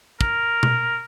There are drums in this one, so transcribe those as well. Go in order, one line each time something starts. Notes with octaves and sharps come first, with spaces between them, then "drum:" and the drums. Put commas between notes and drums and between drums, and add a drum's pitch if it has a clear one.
A#4, drum: kick
drum: tom B2